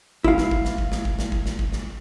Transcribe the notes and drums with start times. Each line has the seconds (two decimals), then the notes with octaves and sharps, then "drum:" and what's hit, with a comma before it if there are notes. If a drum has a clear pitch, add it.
0.24 E4 F5, drum: kick
0.38 drum: snare
0.51 drum: kick
0.65 drum: snare
0.78 drum: kick
0.92 drum: snare
1.05 drum: kick
1.19 drum: snare
1.32 drum: kick
1.46 drum: snare
1.59 drum: kick
1.72 drum: snare